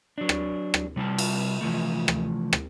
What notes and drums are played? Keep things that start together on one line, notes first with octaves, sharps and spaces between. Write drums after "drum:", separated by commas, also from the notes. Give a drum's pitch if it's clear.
F#3 D4
drum: rim click
drum: rim click
C3 G3 E4 A5
drum: cymbal
C3 E3 F3 A3
drum: rim click
drum: rim click